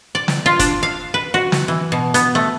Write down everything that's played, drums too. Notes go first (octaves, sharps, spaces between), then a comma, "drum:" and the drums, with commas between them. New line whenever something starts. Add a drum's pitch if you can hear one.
D5
drum: snare
F4
D4, drum: kick, hi-hat
F5
B4
F#4
drum: snare
E3
B2
B3, drum: hi-hat
A3